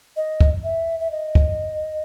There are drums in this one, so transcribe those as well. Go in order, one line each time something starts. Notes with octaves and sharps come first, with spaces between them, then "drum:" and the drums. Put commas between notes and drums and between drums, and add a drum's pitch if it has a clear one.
D#5
drum: kick
E5
E5
D#5
drum: kick